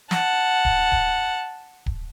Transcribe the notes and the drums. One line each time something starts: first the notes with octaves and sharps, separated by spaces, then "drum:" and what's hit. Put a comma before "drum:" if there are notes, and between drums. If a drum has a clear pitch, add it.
F#5 A5, drum: snare
drum: kick D1
drum: kick D1
drum: kick D1